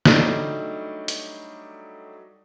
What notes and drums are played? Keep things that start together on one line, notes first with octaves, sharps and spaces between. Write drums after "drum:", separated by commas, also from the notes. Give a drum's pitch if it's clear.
F#3 G3 A3 D4 D#4, drum: snare
drum: hi-hat